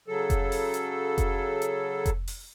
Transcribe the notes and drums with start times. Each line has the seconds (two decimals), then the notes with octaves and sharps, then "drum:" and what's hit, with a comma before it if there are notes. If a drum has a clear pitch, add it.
0.08 C#3 F#3 A4
0.30 drum: kick F1, hi-hat
0.52 drum: open hi-hat
0.74 drum: hi-hat
1.18 drum: kick F1, hi-hat
1.62 drum: hi-hat
2.06 drum: kick F1, hi-hat
2.28 drum: open hi-hat